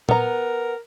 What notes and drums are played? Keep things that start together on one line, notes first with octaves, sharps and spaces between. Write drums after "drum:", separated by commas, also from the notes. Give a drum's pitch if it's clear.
B3 A#4 A#5, drum: tom A#2